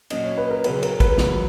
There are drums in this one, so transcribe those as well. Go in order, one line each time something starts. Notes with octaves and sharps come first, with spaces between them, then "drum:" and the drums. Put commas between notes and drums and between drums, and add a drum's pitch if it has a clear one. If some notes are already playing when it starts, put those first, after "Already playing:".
A#2 F#3 C#4 D#5, drum: cymbal
C#5
B4
A#4
C#3 F#3 C#4 B4, drum: cymbal
A#4, drum: cymbal
B4, drum: kick A1, cymbal
E2 C#3 F#3, drum: snare